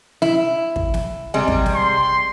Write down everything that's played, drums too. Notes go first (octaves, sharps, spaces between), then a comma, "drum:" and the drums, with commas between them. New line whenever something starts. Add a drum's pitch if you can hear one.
E4, drum: snare
drum: kick
drum: snare
C3 G3 G#3
drum: kick
drum: snare
C6